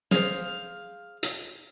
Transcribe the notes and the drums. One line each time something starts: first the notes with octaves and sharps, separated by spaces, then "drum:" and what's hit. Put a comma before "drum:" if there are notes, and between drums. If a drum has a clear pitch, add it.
G#4 C5 F5, drum: snare
drum: hi-hat